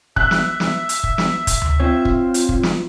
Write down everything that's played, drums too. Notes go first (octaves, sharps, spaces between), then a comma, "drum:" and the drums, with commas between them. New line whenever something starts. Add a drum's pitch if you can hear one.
E5 F#6, drum: kick
drum: snare
drum: snare
drum: hi-hat
drum: kick
drum: snare
drum: kick, hi-hat
drum: tom D2
C4 F4 C#5
drum: kick
drum: hi-hat
drum: kick
drum: snare